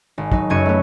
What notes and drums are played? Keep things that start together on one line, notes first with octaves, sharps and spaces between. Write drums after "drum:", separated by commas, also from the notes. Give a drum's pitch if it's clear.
G#1
F#3 D#4, drum: kick
F#1 F#2 C#6 G#6 C#7 D#7
A3 B3